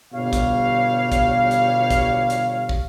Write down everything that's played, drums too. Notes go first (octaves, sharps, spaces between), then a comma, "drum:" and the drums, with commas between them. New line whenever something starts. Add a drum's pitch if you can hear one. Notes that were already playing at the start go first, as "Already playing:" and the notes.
G1 B2 G3 C#5 F5
drum: kick, hi-hat
drum: kick, hi-hat
drum: hi-hat
drum: kick, hi-hat
drum: hi-hat
drum: kick